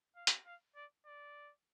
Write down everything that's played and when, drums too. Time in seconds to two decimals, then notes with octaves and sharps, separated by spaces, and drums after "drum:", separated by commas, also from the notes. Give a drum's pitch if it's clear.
0.16 F5
0.27 drum: hi-hat
0.46 F5
0.76 D5
1.06 D5